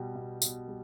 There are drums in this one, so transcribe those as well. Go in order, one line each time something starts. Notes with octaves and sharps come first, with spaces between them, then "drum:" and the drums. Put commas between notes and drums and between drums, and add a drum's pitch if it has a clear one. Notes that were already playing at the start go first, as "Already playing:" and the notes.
Already playing: B2 G3 G5
B2
B2, drum: tambourine
G3